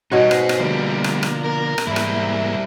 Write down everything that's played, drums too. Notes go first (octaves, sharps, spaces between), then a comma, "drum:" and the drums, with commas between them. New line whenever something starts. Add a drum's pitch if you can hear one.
B2 G3 D#4 C#5 F#5
D#4 C5, drum: rim click
drum: rim click
D3 F3 G3 A3 A#3
drum: rim click
drum: rim click
A#4
drum: rim click
G#2 E3 G3 A#3 E4
drum: rim click